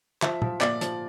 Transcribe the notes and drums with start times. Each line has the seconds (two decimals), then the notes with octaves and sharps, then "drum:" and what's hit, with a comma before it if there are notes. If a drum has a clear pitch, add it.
0.22 F3 E5, drum: clap
0.42 F3, drum: tom A#2
0.61 A#2 D5, drum: clap
0.81 F3, drum: hi-hat